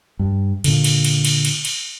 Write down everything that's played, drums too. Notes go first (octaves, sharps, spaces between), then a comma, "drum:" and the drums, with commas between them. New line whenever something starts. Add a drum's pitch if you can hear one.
G2
A#2 D3, drum: cymbal
drum: cymbal
drum: cymbal
drum: cymbal
drum: cymbal
drum: cymbal